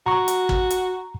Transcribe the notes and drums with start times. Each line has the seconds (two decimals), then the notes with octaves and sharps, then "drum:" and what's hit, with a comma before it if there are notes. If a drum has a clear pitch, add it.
0.06 F#4 A#5 C#6
0.28 drum: hi-hat
0.49 drum: kick
0.70 drum: hi-hat